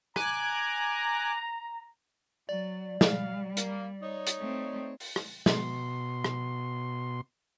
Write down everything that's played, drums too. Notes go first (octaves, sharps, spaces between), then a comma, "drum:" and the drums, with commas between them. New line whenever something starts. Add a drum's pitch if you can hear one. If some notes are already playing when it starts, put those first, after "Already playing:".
G#5 A#5 D6 F#6, drum: rim click
F#3 D5
G3 F5, drum: snare
A#3, drum: hi-hat
D#4 C#5
drum: hi-hat
A3 C4
drum: open hi-hat
drum: rim click
B2 C6, drum: snare
drum: rim click